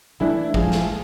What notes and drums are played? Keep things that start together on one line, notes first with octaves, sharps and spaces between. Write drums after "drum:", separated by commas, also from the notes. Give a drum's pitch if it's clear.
E3 A3 D4 E4
F3 G#3 G#4, drum: kick
drum: snare